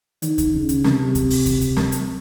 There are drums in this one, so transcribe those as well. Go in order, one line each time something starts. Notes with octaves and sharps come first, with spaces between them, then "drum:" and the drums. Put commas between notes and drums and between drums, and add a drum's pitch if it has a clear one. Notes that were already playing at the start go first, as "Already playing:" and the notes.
D#3, drum: hi-hat
drum: kick D2, hi-hat
C#3
drum: hi-hat
C3, drum: snare
drum: kick D2, hi-hat
drum: open hi-hat
drum: kick D2, hi-hat
drum: hi-hat
drum: snare
drum: hi-hat